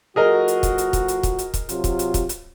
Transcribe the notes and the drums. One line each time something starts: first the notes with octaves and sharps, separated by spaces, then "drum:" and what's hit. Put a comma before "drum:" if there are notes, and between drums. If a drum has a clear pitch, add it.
F3 A3 F#4 G#4 A#4 D#5
drum: hi-hat
drum: kick, hi-hat
drum: hi-hat
drum: kick, hi-hat
drum: hi-hat
drum: kick, hi-hat
drum: hi-hat
drum: kick, hi-hat
C3 F#3 F4, drum: hi-hat
drum: kick, hi-hat
drum: hi-hat
drum: kick, hi-hat
drum: hi-hat